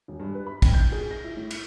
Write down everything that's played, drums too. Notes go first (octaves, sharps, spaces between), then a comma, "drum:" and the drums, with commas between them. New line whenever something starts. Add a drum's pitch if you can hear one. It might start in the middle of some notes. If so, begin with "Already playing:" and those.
E1
G2
B4
B5
G5, drum: kick, cymbal
G6
G#4
A#6
E4
A2
C#7, drum: cymbal